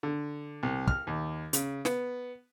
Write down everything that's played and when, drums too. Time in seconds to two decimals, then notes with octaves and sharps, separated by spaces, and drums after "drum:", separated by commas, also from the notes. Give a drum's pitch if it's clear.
0.03 D3
0.63 C2
0.88 F6, drum: kick
1.07 D#2
1.53 C#3, drum: hi-hat
1.85 B3, drum: snare